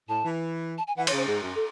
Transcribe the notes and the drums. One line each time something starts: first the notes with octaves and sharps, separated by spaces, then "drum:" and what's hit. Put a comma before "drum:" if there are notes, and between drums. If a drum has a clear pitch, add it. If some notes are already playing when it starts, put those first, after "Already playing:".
A2 A5
E3
A5
G#5
E3 F#5
C#5, drum: cymbal
C#3
C5
G#2 G#4
F#2
A4